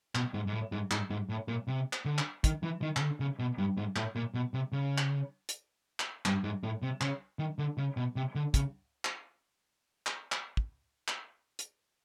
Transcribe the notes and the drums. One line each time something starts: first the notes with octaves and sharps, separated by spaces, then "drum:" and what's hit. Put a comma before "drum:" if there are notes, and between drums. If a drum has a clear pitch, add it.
B2, drum: clap
G#2
G#2
A2
G#2
G#2, drum: clap
G#2
A2
A#2
C3
drum: clap
D3
drum: clap
D#3, drum: kick, hi-hat
E3
D#3
C#3, drum: clap
D3
C#3
B2
G2
G#2
A2, drum: clap
A#2
B2
C3
C#3
drum: clap
drum: hi-hat
drum: clap
G2, drum: clap
G#2
A2
C3
C#3, drum: clap
D#3
D3
C#3
B2
C3
D3
C#3, drum: kick, hi-hat
drum: clap
drum: clap
drum: clap
drum: kick
drum: clap
drum: hi-hat